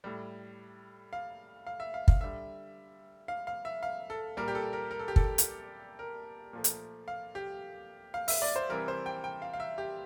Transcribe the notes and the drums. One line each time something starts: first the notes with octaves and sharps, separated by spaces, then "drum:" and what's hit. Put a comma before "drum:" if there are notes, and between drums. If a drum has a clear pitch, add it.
A2 G3
F5
F5
E5
F5
F5, drum: kick
D3 G3 E5
F5
F5
E5
F5
A4
A#2 G3 A#4
G4
A4
A#4
A#4
A4
G4
A4, drum: kick
drum: hi-hat
A#4
A#2 F3 A3
drum: hi-hat
F5
G4
F5
E5, drum: open hi-hat
D5
C5
C3 E3 G3 A#4
C5
G5
G5
F5
F5
E5
G4